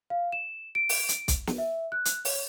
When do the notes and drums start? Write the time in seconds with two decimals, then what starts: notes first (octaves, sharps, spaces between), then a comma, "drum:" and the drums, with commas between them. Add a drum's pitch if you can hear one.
0.10 F5
0.32 E7
0.75 D7
0.89 drum: open hi-hat
1.09 drum: hi-hat
1.28 drum: kick B1, hi-hat
1.47 drum: snare
1.58 E5
1.92 F#6
2.05 drum: hi-hat
2.25 C#5, drum: open hi-hat